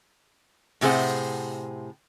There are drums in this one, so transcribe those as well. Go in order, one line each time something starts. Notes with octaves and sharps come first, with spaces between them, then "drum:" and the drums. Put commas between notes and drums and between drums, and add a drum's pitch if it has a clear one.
A2 C3 G#4 C5 F#5, drum: open hi-hat